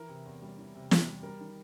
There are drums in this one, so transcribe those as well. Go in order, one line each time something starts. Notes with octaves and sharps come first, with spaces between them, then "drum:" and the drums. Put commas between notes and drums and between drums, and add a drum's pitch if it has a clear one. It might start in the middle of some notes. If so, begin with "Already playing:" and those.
Already playing: E3 A#4
C3
E2
G3
E3
C3
E2, drum: snare
G3
G3 A#4
D#3